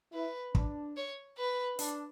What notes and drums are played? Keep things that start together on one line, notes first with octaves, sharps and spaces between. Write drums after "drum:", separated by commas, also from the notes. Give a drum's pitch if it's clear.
E4 B4
D4, drum: kick
C#5
B4
D4, drum: hi-hat